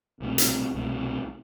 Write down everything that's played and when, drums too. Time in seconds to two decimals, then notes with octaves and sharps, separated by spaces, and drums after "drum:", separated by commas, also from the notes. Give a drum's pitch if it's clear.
0.20 C2 B2 A3 C4
0.38 drum: hi-hat
0.74 C2 B2 A3 C4